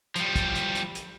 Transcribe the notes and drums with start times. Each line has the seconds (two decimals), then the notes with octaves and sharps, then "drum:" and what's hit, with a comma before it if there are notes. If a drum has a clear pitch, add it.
0.16 F3 G3, drum: hi-hat
0.36 drum: kick, hi-hat
0.55 drum: hi-hat
0.75 drum: hi-hat
0.95 drum: hi-hat